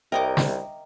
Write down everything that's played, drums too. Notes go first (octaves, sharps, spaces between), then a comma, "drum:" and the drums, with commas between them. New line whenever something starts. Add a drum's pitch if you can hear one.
C2 A#4 D#5 E5 G5 D6
drum: snare